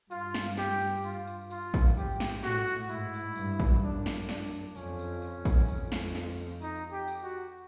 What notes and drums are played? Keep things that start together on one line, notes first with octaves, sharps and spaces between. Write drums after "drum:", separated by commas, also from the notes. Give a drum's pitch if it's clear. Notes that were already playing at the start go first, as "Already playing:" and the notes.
G2 F4, drum: tambourine
drum: snare
G4, drum: snare
drum: tambourine
F4, drum: tambourine
drum: tambourine
F4, drum: tambourine
drum: kick, tambourine
G#2 G4, drum: tambourine
drum: snare
A2 F#4, drum: snare
drum: tambourine
G#2 E4, drum: tambourine
drum: tambourine
G2, drum: tambourine
drum: kick, tambourine
F#2 D4
drum: snare
D4, drum: snare
drum: tambourine
F2 C#4, drum: tambourine
drum: tambourine
drum: tambourine
drum: kick, tambourine
F2, drum: tambourine
drum: snare
drum: snare
drum: tambourine
D#4, drum: tambourine
G4
drum: tambourine
F#4